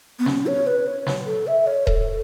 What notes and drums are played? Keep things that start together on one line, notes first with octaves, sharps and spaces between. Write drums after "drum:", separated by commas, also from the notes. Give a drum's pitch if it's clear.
B3
C#4, drum: snare
C#5
B4
C#5
drum: snare
A4
E5
C#5
A4, drum: kick D#1